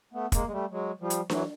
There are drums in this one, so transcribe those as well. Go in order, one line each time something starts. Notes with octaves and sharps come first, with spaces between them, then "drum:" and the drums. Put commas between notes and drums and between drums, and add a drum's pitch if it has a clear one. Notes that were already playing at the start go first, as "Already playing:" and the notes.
A3 B3
G#3 A#3, drum: kick, hi-hat
G#3
G3 A3
F#3 G#3
F3 G3
drum: hi-hat
E3 F#3, drum: snare D4